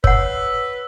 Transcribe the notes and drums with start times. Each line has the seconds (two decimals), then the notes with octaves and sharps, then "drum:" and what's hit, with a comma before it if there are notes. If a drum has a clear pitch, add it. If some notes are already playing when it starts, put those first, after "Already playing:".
0.04 B4 C#5 F#5 E6, drum: kick